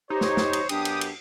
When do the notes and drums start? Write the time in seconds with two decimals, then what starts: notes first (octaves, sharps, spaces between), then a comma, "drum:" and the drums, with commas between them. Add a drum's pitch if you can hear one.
0.10 D#4 G4 C5 C#5
0.21 drum: snare
0.37 drum: snare
0.53 drum: cymbal
0.69 F#2 B3 D4 G4 D#6, drum: cymbal
0.85 drum: cymbal
1.01 drum: cymbal